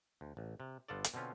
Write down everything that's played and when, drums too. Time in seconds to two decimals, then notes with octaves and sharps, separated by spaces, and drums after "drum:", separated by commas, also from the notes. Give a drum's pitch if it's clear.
0.21 D2
0.37 A1
0.60 C3
0.88 G1 B3 F4 A4 D5
1.04 drum: hi-hat
1.14 B2 D3 C4 C#4 F4